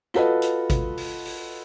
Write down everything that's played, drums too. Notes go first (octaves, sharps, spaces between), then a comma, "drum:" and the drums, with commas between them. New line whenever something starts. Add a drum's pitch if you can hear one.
F4 F#4 A4 B4 D#5, drum: rim click
drum: hi-hat
drum: kick G#1, hi-hat
drum: open hi-hat
drum: open hi-hat